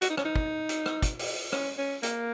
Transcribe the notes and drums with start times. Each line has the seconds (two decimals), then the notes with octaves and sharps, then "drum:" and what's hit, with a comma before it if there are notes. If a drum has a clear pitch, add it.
0.02 F#4, drum: hi-hat
0.10 D#4
0.17 C#4, drum: rim click
0.25 D#4
0.36 drum: kick
0.69 drum: hi-hat
0.86 drum: rim click
1.02 drum: kick, hi-hat
1.19 drum: open hi-hat
1.52 C#4, drum: rim click
1.78 C#4
2.03 A#3, drum: hi-hat